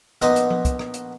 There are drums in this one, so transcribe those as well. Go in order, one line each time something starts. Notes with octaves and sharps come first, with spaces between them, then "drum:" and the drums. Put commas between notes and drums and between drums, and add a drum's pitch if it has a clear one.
A#1 B3 D#4 D#5 G#5 C6, drum: hi-hat
drum: hi-hat
drum: tom F3
drum: kick, hi-hat
drum: rim click
drum: hi-hat